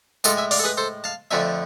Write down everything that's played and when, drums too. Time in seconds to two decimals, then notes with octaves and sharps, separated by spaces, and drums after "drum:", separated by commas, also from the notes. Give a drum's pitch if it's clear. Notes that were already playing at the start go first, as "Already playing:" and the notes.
0.24 A2 G#3 F4 A4, drum: tambourine
0.37 E5 G#5
0.51 D5 F5, drum: open hi-hat
0.59 A4
0.64 G#4 B4
0.77 A4 C5
1.04 F5 A5
1.31 F2 D3 F3 A3 E5 G#5